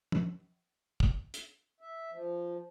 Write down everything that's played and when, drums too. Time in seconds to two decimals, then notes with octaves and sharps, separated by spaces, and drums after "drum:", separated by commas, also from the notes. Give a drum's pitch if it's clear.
0.12 drum: tom
1.00 drum: kick
1.34 drum: hi-hat
1.80 E5
2.12 F3